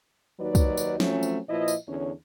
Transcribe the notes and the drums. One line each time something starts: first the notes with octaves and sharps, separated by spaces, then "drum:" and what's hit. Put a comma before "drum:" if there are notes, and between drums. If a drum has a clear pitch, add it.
D#2 F#3 D#4 F#4 B4 D5
drum: kick, tambourine
drum: tambourine
F3 F#3 A3 C4 C#4, drum: snare
drum: tambourine
A#2 F3 E4 B4 D#5
drum: tambourine
E2 D3 C#4 C#5